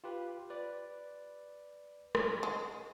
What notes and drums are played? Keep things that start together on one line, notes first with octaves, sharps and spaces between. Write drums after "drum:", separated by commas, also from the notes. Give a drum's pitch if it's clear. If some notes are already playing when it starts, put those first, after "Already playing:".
F4 G4 B4
B4 D5
drum: rim click
G#3